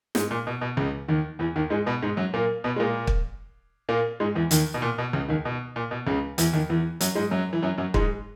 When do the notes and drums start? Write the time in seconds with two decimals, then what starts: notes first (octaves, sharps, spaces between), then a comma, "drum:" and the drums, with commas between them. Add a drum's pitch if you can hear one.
0.15 G#2 G#3, drum: snare
0.31 A#2
0.47 B2
0.61 B2
0.77 C#2 C#3
1.08 D#2 D#3
1.39 E2 E3
1.56 D#2 D#3
1.70 G#2 G#3
1.86 B2 B3
2.02 G#2 G#3
2.17 F#2 F#3
2.34 A#2 A#3
2.64 B2 B3
2.76 G#3
2.80 A#2 A#3
3.07 drum: kick
3.89 A#2 A#3
4.20 G#2 G#3
4.35 E2 E3
4.51 D#2 D#3, drum: hi-hat
4.74 B2
4.82 A#2
4.98 B2
5.13 C#2 C#3
5.28 D#2 D#3
5.45 B2
5.76 A#2
5.91 B2
6.07 C#2 C#3
6.38 E2 E3, drum: hi-hat
6.53 D#2 D#3
6.70 E2 E3
7.01 F#2 F#3, drum: hi-hat
7.15 G#2 G#3
7.31 F#2 F#3
7.53 E3
7.62 F#2 F#3
7.78 F#2 F#3
7.94 G#2 G#3, drum: kick